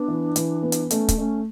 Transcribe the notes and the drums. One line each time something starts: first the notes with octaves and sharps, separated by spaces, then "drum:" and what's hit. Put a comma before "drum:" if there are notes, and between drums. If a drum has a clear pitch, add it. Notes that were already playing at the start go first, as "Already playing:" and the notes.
Already playing: B3 D4
E3
E3, drum: hi-hat
B3
drum: hi-hat
A3 C#4, drum: hi-hat
drum: kick, hi-hat
A3 C#4